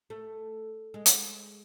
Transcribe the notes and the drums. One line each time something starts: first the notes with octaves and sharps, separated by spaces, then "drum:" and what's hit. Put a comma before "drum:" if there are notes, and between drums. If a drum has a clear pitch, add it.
A3
G#3
drum: hi-hat